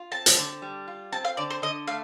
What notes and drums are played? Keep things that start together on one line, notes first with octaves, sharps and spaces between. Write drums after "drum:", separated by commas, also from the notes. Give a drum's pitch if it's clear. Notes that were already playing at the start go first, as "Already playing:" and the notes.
Already playing: F4
C4 A5
drum: hi-hat
D3
G3
F4
C4 A5
F5
D3 D5
C5
D3 D#5
A3 F5